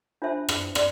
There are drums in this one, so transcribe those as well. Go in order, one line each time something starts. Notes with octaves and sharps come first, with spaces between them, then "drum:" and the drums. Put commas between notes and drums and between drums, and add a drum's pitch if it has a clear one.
D4 F4 C5 E5 A5
drum: rim click
D5 C6, drum: rim click